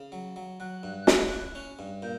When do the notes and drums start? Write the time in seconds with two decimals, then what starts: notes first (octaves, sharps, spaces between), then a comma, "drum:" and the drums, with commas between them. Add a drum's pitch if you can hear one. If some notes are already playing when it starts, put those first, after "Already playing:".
Already playing: C#3
0.12 F#3
0.36 F#3
0.60 F#3 F#6
0.83 G2
1.07 E4, drum: snare
1.32 E4
1.55 C#4
1.79 G2
2.02 A#2 G6